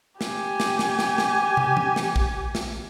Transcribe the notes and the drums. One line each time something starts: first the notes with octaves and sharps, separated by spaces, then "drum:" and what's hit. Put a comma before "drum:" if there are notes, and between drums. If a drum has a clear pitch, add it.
G4 G#5, drum: snare
drum: snare
drum: snare
drum: snare
drum: snare
drum: tom
drum: tom
drum: snare
drum: kick A#1
drum: snare